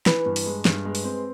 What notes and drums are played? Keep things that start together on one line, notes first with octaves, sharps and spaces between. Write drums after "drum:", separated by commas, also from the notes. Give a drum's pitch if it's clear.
E3 B4, drum: snare
G2
drum: open hi-hat
G#3
G2, drum: snare
G#3
drum: open hi-hat
C4